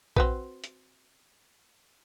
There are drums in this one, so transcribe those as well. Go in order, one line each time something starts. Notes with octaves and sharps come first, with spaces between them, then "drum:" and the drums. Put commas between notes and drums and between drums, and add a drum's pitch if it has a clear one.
C4 F#4 B4, drum: kick A#1
drum: hi-hat